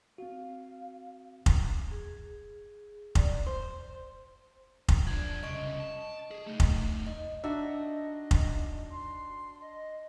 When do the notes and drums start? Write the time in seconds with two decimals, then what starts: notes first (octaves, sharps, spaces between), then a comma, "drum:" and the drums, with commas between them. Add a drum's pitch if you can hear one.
0.18 C4 F#4 F5
1.46 drum: kick F1
1.91 G#4
3.15 D5, drum: kick F1
3.47 C5
4.89 drum: kick F1
5.07 F3 D4 G#6
5.43 C2 C#3 D#5 C#6 D7
5.80 A5
6.31 G#4
6.47 A3 D#4
6.60 drum: kick F1
7.07 D#5
7.44 D4 D#4 F#4 D#5 E5
8.31 drum: kick F1
8.91 C6
9.61 D#5